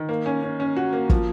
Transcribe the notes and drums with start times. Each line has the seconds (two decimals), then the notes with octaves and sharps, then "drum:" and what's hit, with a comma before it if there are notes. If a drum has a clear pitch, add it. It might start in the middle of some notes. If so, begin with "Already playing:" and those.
Already playing: D#3
0.09 A#3
0.26 C#4
0.42 C#4
0.60 C#4
0.76 F#4
0.93 A#3
1.10 F3, drum: kick